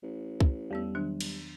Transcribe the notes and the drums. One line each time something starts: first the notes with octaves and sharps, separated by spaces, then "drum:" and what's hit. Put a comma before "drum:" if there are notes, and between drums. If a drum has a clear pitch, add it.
A1
drum: kick C2
E2 G3 B3 E6
D#3 F#3 D4
drum: cymbal